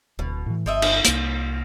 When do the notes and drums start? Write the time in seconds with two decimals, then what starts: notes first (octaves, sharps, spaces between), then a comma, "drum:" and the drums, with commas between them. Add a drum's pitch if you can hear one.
0.19 D1 B2
0.46 A2 E3
0.66 G1 F3 D#5 E5
0.82 drum: cymbal
1.05 C2 A#3 F4, drum: hi-hat